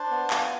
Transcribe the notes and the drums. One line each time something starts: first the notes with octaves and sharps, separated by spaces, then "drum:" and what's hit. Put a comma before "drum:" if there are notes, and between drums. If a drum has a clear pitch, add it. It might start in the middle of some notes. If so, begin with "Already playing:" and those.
Already playing: D4 C5
B3
A5
F4 G#5, drum: clap